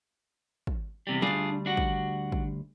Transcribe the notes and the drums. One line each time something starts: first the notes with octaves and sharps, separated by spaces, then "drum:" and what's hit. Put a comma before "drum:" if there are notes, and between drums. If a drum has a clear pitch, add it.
drum: kick
E2 C3 G3
D2 G3 D4 F4 G#4
D4 F#4
drum: kick
drum: kick